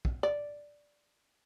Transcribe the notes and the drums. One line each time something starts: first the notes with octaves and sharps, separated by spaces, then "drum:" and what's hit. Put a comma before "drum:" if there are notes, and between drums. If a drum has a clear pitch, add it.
drum: kick
D5